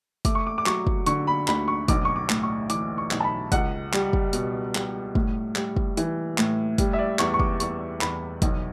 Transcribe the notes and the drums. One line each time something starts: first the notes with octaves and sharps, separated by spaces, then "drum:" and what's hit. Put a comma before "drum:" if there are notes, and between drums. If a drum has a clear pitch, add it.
A3 D6, drum: kick, hi-hat
C#6
D6
D6
F#3 C#6, drum: clap
drum: kick
D3 C#6, drum: hi-hat
B5
D2 B5, drum: clap
C#6
B1 D6, drum: kick, hi-hat
C#6
D6
A2, drum: clap
C#6
E3 D6, drum: hi-hat
C#6
B1, drum: clap
A5
B5
C#2 F#5, drum: kick, hi-hat
G3, drum: clap
drum: kick
B2, drum: hi-hat
G3, drum: clap
A2, drum: kick
G3, drum: clap
drum: kick
E3, drum: hi-hat
A2, drum: clap
G3, drum: kick, hi-hat
E5
D5
E2 C#6, drum: clap
C#6
D6, drum: kick
E2 C#6, drum: hi-hat
E2 B5, drum: clap
B1, drum: kick, hi-hat